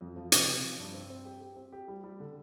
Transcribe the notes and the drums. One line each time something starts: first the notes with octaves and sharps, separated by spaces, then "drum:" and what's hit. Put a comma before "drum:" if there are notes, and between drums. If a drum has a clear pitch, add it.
F2
F3
C3, drum: hi-hat
C3
F3
G2
C4
C4
G4
G4
C4
G4
G3
G3
D3